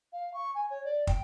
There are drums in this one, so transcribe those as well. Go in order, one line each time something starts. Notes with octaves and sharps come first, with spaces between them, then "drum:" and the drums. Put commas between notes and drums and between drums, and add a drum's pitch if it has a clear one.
F5
C#6
G#5
C#5
D5
G5, drum: kick